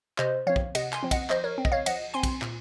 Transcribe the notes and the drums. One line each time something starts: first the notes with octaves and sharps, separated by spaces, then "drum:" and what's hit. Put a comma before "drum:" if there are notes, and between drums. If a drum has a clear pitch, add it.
C3 C5 D#5, drum: clap
F3 C4 C#5 F5
drum: kick
C3 D#5 F#5, drum: cymbal
G#5 C6, drum: clap
F3 C4
D#5 F#5, drum: kick, cymbal
F3 C5 D#5, drum: clap
A#4 C#5
C4
D#5, drum: kick
C#5 F5
F3 D#5 F#5, drum: cymbal
C4 G#5 C6
drum: kick, cymbal
A#2, drum: clap